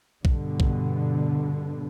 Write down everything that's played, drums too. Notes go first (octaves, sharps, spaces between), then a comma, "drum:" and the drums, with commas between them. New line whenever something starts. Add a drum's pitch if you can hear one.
G2 B2 D3, drum: kick B1
drum: kick B1